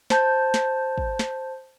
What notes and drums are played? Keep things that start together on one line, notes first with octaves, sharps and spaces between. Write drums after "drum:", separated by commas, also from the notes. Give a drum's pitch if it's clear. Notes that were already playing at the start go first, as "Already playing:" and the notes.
C5 A5 G6, drum: snare
drum: snare
drum: kick
drum: snare